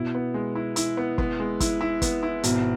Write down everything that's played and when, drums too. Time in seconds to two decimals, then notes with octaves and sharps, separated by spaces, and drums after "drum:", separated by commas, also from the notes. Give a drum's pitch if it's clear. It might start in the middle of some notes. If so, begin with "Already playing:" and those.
Already playing: B2 E4
0.15 B3
0.34 G#3
0.55 E4
0.76 E4, drum: hi-hat
0.97 B3
1.18 B3, drum: kick
1.40 G#3
1.60 E4, drum: kick, hi-hat
1.81 E4
2.02 B3, drum: kick, hi-hat
2.23 E4
2.43 G#1 B2, drum: hi-hat